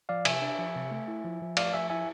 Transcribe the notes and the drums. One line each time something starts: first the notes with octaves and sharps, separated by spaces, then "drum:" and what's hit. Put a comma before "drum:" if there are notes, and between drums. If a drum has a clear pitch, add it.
F3 D5 F5
C3 E5 G#5, drum: cymbal
D4
F3
C3
A3
E4
F3
F3
A3 D5 F5, drum: cymbal
F3 E5 G#5
E4 E5 G#5